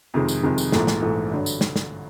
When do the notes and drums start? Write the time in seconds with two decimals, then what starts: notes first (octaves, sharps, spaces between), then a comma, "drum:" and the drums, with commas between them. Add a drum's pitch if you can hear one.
0.14 F2 C3 D#3 G#3
0.28 drum: tambourine
0.43 F2 C3 D#3 G#3
0.58 drum: tambourine
0.72 A#1 G#2 E3 A3, drum: snare
0.87 drum: snare
1.02 A#1 G#2 E3 A3
1.31 G2 D3 F#3
1.46 drum: tambourine
1.61 drum: snare
1.76 drum: snare